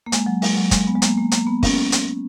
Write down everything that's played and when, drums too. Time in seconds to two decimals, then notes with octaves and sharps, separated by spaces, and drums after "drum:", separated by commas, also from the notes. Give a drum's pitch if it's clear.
0.06 A#3
0.12 G#3, drum: hi-hat
0.26 F#3
0.42 G#3, drum: open hi-hat
0.57 F#3
0.71 G#3, drum: kick, hi-hat
0.87 B3
0.96 G#3
1.02 A#3, drum: hi-hat
1.18 A#3
1.32 A#3, drum: hi-hat
1.47 B3
1.63 C#4, drum: kick, open hi-hat
1.92 drum: hi-hat